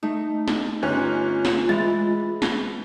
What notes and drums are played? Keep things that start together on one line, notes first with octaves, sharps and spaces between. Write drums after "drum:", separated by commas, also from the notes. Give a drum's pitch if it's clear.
A3 D#4
drum: snare
G1 C#4 F4 F#6
drum: snare
E3 G#3 A6
drum: snare